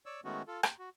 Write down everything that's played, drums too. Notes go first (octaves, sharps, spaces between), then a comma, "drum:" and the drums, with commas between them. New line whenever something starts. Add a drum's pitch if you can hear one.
C#5 D5 E6
D#3 G#3 A3 B3 C#4 F#4
F4 A4
G5, drum: rim click
F#4